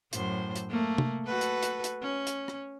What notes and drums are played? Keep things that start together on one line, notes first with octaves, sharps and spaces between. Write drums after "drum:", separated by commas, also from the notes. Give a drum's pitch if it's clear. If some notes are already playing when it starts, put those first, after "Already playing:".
F#2 A2 C5, drum: hi-hat
drum: hi-hat
A3 A#3
drum: tom
F#4 A4 B4
drum: hi-hat
drum: hi-hat
drum: hi-hat
C#4
drum: hi-hat
drum: rim click